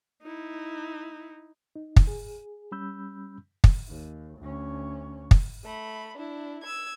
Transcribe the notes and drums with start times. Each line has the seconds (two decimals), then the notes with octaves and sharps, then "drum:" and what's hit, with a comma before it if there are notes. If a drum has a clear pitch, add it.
0.22 D#4 E4
1.76 D#4
1.96 drum: kick
2.07 G#4
2.72 G3 C#4 B5 E6 G6
3.64 drum: kick
3.89 D#2
4.38 D2 C#4
5.31 drum: kick
5.65 A3 B5
6.17 D4 E4
6.63 E6 G#6